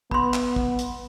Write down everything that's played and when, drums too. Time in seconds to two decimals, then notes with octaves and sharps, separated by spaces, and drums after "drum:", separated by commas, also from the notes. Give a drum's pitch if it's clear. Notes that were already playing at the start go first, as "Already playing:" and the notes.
0.11 B3 B5 C6, drum: kick
0.34 drum: clap
0.56 drum: kick
0.79 drum: hi-hat